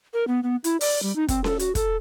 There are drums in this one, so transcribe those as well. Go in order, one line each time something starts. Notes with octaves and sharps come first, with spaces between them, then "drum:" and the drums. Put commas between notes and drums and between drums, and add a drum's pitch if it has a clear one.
A#4
B3
B3
E4, drum: hi-hat
D5, drum: open hi-hat
G3
D#4
C4, drum: kick, hi-hat
A4, drum: snare C#4
F#4, drum: hi-hat
A4, drum: kick, hi-hat